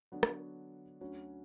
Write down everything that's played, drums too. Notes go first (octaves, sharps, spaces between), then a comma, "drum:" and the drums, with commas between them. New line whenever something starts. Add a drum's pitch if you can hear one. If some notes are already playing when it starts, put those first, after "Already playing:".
D3 F#3 B3 D4 F#4
drum: rim click
D2 D3 F#3 C#4 F#4